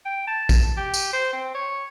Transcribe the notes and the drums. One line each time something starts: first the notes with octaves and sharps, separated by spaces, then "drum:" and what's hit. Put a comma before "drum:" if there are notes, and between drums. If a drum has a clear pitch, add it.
G5
A5
drum: kick A#1, tambourine
G4
drum: tambourine
C5
C4
C#5